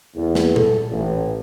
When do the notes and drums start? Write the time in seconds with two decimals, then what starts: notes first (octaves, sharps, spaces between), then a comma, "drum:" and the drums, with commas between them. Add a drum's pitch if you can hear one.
0.16 E2
0.35 drum: snare
0.56 A4, drum: tom A#2
0.91 A1